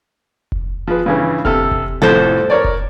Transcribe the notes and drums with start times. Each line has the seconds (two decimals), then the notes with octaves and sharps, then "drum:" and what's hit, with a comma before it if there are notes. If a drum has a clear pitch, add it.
0.52 drum: kick F1
0.87 F3 G#4 B4
1.06 G2 C#3 E3
1.45 C3 A4 F6, drum: kick F1
1.71 drum: kick F1
2.02 C2 F2 A2 A4 C5
2.50 A#4 C#5 D5
2.64 drum: kick F1